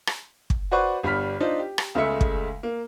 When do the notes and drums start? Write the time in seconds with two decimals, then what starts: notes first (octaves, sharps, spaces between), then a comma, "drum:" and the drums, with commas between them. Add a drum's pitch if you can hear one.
0.07 drum: rim click
0.50 drum: kick
0.71 F#4 B4 C5 D5 F#5 C#6
1.03 G1 G3 D4 B5 F6 B6
1.40 D4 D#4 F4 C5
1.59 G4
1.78 drum: rim click
1.95 C#2 C#3 G#3 A3 E5 C#7
2.21 drum: kick
2.63 A#3